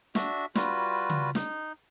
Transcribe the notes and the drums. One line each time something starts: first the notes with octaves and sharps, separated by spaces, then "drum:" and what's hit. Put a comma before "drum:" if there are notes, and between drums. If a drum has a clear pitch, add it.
D4 F#4 E5, drum: snare
G3 F4 F#4 B4, drum: snare
drum: tom C#3
D#4, drum: snare